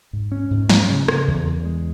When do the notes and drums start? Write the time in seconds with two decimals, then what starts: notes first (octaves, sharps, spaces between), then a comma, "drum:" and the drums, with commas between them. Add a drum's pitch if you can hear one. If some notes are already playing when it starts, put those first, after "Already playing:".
0.13 G#2
0.32 C#4
0.51 G#2
0.69 C#4, drum: snare
0.90 C#3
1.08 C#3, drum: rim click
1.28 E2
1.46 E2
1.65 G#3